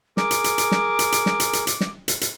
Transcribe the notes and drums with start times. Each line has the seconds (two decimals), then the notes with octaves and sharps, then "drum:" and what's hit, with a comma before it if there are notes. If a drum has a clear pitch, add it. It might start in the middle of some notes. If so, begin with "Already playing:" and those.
0.17 G#4 A#4 D6, drum: snare
0.31 drum: hi-hat
0.44 drum: hi-hat
0.58 drum: hi-hat
0.71 drum: snare
0.99 drum: hi-hat
1.12 drum: hi-hat
1.26 drum: snare
1.40 drum: hi-hat
1.53 drum: hi-hat
1.67 drum: hi-hat
1.81 drum: snare
2.08 drum: hi-hat
2.21 drum: hi-hat